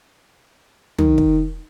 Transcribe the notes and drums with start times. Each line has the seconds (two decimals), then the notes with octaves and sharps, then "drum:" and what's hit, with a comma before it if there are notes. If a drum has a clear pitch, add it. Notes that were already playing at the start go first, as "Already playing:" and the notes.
0.98 D#3, drum: tom
1.18 drum: kick